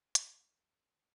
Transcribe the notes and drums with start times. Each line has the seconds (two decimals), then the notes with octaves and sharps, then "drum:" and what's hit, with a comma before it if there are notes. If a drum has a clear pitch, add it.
0.15 D#2 D#3 F#3, drum: hi-hat